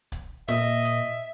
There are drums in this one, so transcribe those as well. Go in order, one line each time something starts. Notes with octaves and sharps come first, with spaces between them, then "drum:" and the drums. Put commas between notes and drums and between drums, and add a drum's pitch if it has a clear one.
drum: kick, hi-hat
A#2 D#5 E5, drum: snare
drum: hi-hat